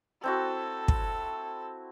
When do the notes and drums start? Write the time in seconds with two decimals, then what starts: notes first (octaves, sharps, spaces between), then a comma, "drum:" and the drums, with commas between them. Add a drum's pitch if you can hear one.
0.24 C4 E4 F#4 A4
0.88 drum: kick